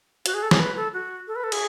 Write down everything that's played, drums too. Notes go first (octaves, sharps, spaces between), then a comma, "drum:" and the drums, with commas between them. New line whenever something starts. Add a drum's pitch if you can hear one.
F#4, drum: hi-hat
G#4
A4
G#4, drum: snare
B4
A4
F#4
A4
B4
A4
G#4, drum: cymbal